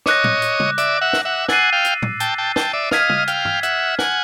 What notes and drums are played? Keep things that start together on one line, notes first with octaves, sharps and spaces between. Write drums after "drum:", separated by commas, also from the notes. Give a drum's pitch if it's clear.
C#5 D#5 D6 F#6 A#6, drum: snare
drum: tom
drum: hi-hat
drum: tom C#3
D5 E5, drum: hi-hat
E5 F#5
drum: snare
E5 F#5
F#5 G#5 E6 A6 C7 D#7, drum: snare
F5 G5
drum: hi-hat
drum: tom
G5 A5, drum: hi-hat
G5 A5
G5 A5, drum: snare
D5 E5
D#5 F5 F6 G#6 B6, drum: snare
drum: tom C#3
F5 G5, drum: hi-hat
drum: tom
E5 F#5, drum: hi-hat
F#5 G#5, drum: snare